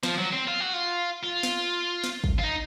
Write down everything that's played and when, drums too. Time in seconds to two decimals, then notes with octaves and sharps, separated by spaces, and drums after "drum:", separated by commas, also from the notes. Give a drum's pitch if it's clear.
0.03 F3, drum: snare
0.18 F#3
0.33 C4
0.47 F4
0.60 F#4
0.74 F4
1.24 F4
1.43 drum: snare
2.04 drum: snare
2.24 drum: kick
2.39 F4
2.44 D#4